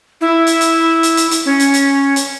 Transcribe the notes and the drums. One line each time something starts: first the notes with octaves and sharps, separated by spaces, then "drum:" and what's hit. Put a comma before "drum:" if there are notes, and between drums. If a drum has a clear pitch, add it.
E4
drum: hi-hat
drum: hi-hat
drum: hi-hat
drum: hi-hat
drum: hi-hat
C#4
drum: hi-hat
drum: hi-hat
drum: hi-hat